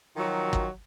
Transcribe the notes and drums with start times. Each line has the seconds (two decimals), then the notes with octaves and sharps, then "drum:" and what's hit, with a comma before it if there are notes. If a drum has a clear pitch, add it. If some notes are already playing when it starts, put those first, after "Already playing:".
0.16 D#3 F3 F#3
0.53 drum: kick